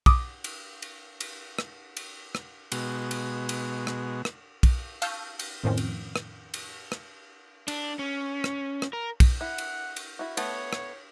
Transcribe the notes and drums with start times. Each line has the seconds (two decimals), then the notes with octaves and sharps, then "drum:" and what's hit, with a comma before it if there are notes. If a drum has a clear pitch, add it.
0.06 D6 D#6, drum: kick, cymbal
0.44 drum: cymbal
0.82 drum: cymbal
1.20 drum: cymbal
1.59 drum: rim click
1.97 drum: cymbal
2.35 drum: rim click
2.72 B2 G#3 F#4, drum: cymbal
3.11 drum: cymbal
3.49 drum: cymbal
3.87 drum: rim click
4.25 drum: rim click
4.63 drum: kick, cymbal
5.02 F5 A5 C#6 E6 F6 G6, drum: cymbal
5.39 drum: cymbal
5.64 F2 A2 D#3 F3 C4 C#4
5.77 drum: cymbal
6.16 drum: rim click
6.54 drum: cymbal
6.92 drum: rim click
7.68 D4, drum: cymbal
7.99 C#4
8.44 drum: rim click
8.82 drum: rim click
8.93 A#4
9.20 drum: kick, cymbal
9.41 E4 F#5
9.58 drum: cymbal
9.96 drum: cymbal
10.19 E4 F#4
10.37 A3 B3 C#5 A5, drum: cymbal
10.73 drum: rim click